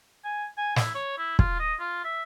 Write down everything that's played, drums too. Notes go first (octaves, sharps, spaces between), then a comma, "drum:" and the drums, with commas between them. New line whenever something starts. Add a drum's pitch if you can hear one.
G#5
G#5
E4, drum: snare
C#5
E4
F4, drum: kick
D#5
F4
E5